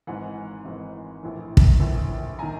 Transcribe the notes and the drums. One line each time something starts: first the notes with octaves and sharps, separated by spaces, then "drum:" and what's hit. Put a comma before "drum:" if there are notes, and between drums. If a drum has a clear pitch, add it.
G#1 G#2 E3 F#5 G#5
G#1 G#2 E3
A#1 A2 E3
drum: kick
A#1 A2 E3
D#3 G#5 A#5